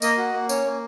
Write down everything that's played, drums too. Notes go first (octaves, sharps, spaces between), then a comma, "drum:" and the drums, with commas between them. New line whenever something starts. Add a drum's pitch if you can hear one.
A#3 D#5, drum: tambourine
F#4
A#3
C#4 C#5, drum: tambourine
A#3